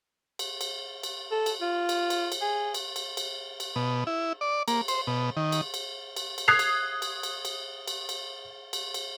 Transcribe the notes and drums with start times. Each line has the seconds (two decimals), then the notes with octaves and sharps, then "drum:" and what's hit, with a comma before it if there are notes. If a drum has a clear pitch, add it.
0.39 drum: cymbal
0.61 drum: cymbal
1.03 drum: cymbal
1.32 A4
1.46 drum: cymbal
1.61 F4
1.89 drum: cymbal
2.10 drum: cymbal
2.32 drum: cymbal
2.41 G#4
2.74 drum: cymbal
2.96 drum: cymbal
3.17 drum: cymbal
3.60 drum: cymbal
3.76 B2
4.07 E4
4.41 D5
4.68 A#3, drum: cymbal
4.88 C5, drum: cymbal
5.07 B2
5.37 D#3
5.52 drum: cymbal
5.74 drum: cymbal
6.16 drum: cymbal
6.38 drum: cymbal
6.48 D#6 F#6 G#6 C7 F7
6.59 drum: cymbal
7.02 drum: cymbal
7.23 drum: cymbal
7.45 drum: cymbal
7.87 drum: cymbal
8.09 drum: cymbal
8.73 drum: cymbal
8.94 drum: cymbal